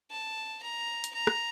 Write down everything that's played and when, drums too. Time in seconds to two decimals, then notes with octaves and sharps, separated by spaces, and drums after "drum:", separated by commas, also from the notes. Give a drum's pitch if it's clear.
0.11 A5
0.63 A#5
1.04 drum: hi-hat
1.15 A#5
1.27 drum: rim click